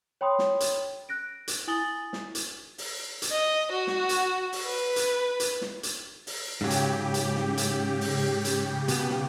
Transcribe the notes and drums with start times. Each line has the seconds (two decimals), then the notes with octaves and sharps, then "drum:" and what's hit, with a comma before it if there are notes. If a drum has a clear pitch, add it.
0.21 C#5 G5 B5 C6 D#6
0.39 drum: snare
0.60 drum: hi-hat
1.09 F#6 A#6 D7
1.48 drum: hi-hat
1.68 E4 G#5 D#6 A6 F#7 G7
2.13 drum: snare
2.35 drum: hi-hat
2.78 drum: open hi-hat
3.22 drum: hi-hat
3.32 D#5
3.72 F#4
3.87 drum: snare
4.09 drum: hi-hat
4.53 drum: open hi-hat
4.66 B4
4.96 drum: hi-hat
5.40 drum: hi-hat
5.61 drum: snare
5.83 drum: hi-hat
6.27 drum: open hi-hat
6.61 G#2 C#3 F#3 G4
6.70 drum: hi-hat
7.14 drum: hi-hat
7.36 drum: snare
7.57 drum: hi-hat
8.01 drum: open hi-hat
8.45 drum: hi-hat
8.88 B2 B3, drum: hi-hat
9.10 drum: snare